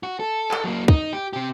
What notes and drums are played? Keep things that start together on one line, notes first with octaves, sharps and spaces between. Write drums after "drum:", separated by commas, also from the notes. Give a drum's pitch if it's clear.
F#4
A4
drum: clap
F#3 A#3
D#4, drum: kick
G4
C3 G4